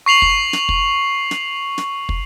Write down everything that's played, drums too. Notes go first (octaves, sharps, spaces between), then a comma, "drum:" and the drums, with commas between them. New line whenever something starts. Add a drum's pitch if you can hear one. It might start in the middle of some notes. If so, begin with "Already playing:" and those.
C#6 C7 F7 F#7
drum: kick
drum: snare
drum: kick
drum: snare
drum: snare
drum: kick